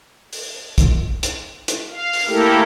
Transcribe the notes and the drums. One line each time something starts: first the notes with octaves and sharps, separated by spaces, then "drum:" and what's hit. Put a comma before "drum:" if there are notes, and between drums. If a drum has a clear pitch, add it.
drum: open hi-hat
drum: kick, hi-hat
drum: hi-hat
drum: hi-hat
F5
drum: open hi-hat
A3 A#3 E4 G4 A4 A#4